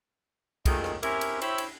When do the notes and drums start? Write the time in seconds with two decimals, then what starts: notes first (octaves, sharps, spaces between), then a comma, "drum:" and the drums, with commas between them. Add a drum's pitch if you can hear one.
0.66 F#2 A#2 D#3 G#3 A3 D#4, drum: kick, cymbal
0.84 drum: rim click
1.03 C4 C#4 E4 G4 A#4, drum: cymbal
1.21 drum: cymbal
1.41 E4 G4 C5 C#5 E5, drum: cymbal
1.58 drum: cymbal